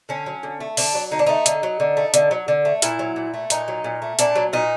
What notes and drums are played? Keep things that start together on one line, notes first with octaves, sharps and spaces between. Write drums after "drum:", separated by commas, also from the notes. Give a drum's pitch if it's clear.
D3 C#4
F#3
D3
A3
D3 D4, drum: open hi-hat
F#3
D3 D#4
D4
A3 D#4
D3, drum: hi-hat
F#3
D3
A3
D3, drum: hi-hat
F#3
D3
A3
A#2 E4, drum: hi-hat
F#3
A#2
A3
A#2 D#4, drum: hi-hat
F#3
A#2
A3
A#2 D4, drum: hi-hat
F#3
A#2 D#4